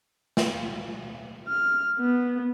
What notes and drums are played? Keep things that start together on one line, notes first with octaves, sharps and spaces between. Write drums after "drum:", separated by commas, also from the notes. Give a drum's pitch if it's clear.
drum: snare
F6
B3